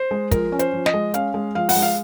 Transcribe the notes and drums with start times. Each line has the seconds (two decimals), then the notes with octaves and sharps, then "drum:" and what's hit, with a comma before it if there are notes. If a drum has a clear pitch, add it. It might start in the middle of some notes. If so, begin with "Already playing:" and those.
Already playing: C5
0.11 G#3
0.31 F3 A#4, drum: kick, hi-hat
0.52 C#4
0.59 C5, drum: hi-hat
0.73 F3
0.86 D#5, drum: snare
0.94 G#3
1.14 C#4 F5, drum: hi-hat
1.34 G#3
1.55 F3 F5
1.69 F#5, drum: open hi-hat
1.76 G#3
1.82 F5